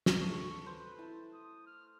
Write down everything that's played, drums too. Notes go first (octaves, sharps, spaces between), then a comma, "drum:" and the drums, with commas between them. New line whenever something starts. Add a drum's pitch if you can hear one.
drum: snare
A3 C#6
B4 C5
E4 A5
D#6
F6